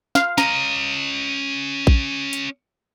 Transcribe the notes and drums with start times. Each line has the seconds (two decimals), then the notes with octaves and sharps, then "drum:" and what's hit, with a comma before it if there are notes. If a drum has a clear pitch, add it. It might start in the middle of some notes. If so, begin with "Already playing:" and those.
0.15 F5, drum: snare
0.38 C#4 D#5 A#5, drum: snare
1.87 drum: kick A#1
2.33 drum: hi-hat